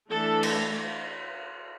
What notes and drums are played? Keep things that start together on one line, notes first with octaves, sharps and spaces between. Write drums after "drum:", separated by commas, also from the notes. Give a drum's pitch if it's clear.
E3 A3 D4 A4
drum: cymbal